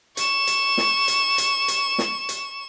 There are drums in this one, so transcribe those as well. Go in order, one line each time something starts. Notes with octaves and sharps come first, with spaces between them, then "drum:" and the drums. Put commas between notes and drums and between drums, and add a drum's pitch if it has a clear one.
C#6 E7, drum: hi-hat
drum: hi-hat
drum: snare
drum: hi-hat
drum: hi-hat
drum: hi-hat
drum: snare
drum: hi-hat